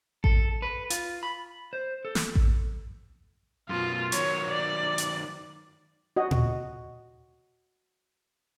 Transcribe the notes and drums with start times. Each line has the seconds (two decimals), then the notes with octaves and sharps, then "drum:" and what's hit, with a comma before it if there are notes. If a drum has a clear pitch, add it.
0.24 A4, drum: kick A1
0.62 B4
0.90 F4, drum: hi-hat
1.23 B5
1.73 C5
2.05 A4
2.15 drum: snare
2.35 drum: kick A1
3.69 F#2 B2 F4
4.12 D#3 F#3 C#5, drum: hi-hat
4.50 D5
4.98 drum: hi-hat
6.16 F#4 D#5
6.31 drum: tom